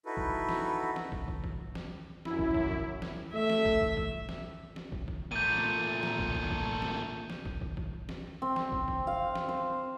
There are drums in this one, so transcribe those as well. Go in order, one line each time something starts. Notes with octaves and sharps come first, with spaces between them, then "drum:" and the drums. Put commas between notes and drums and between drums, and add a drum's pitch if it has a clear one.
D#4 E4 F#4 A4 B4
drum: kick
drum: snare
drum: snare
drum: kick
drum: kick
drum: kick
drum: snare
F#2 E4, drum: snare
drum: kick
drum: kick
drum: kick
drum: snare
A3 E5
drum: snare
drum: kick
drum: kick
drum: kick
drum: snare
drum: snare
drum: kick
drum: kick
A#2 A3 G6 D#7
drum: snare
drum: snare
drum: kick
drum: kick
drum: kick
drum: snare
drum: snare
drum: kick
drum: kick
drum: kick
drum: snare
C4
drum: snare
drum: kick
drum: kick
F5
drum: snare
C5